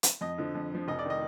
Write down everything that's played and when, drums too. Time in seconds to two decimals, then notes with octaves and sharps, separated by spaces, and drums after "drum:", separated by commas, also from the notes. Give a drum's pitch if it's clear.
0.03 drum: hi-hat
0.21 F2 D#5
0.38 D3 F3
0.55 F2
0.72 D3 F3
0.88 F1 D#5
0.99 D5
1.05 D#3 D#5